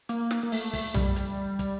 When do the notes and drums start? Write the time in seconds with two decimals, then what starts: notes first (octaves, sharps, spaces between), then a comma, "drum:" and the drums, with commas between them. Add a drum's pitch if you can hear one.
0.09 A#3, drum: hi-hat
0.31 drum: snare
0.43 A#3
0.52 A3, drum: open hi-hat
0.73 drum: kick, open hi-hat
0.94 G3, drum: tom B1
1.16 drum: hi-hat
1.59 drum: kick, hi-hat